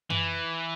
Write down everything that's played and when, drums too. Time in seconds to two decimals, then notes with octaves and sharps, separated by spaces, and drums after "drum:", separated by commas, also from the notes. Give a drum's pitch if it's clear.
0.10 E3, drum: tom F#2